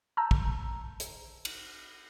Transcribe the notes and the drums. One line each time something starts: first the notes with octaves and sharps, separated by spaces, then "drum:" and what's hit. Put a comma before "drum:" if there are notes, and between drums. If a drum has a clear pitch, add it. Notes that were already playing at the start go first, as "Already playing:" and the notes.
A5 A#5 E6 G6
drum: kick
drum: hi-hat
drum: cymbal